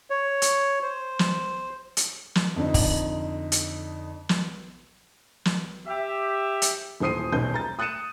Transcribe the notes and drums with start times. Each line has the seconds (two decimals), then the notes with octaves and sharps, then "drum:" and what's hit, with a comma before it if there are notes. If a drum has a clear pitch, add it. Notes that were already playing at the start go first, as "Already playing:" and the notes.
0.10 C#5
0.42 drum: hi-hat
0.82 C5
1.19 drum: snare
1.97 drum: hi-hat
2.35 drum: snare
2.56 F2 D3 D#4
2.74 drum: kick, open hi-hat
3.52 drum: hi-hat
4.29 drum: snare
5.45 drum: snare
5.87 G4 E5
6.62 drum: hi-hat
7.00 D#1 E3 C5 D#6 C7 D#7
7.32 D#1 B1 C#4 B4 G6
7.54 A#5 A6
7.79 D#6 F#6 A6 C#7 D#7 E7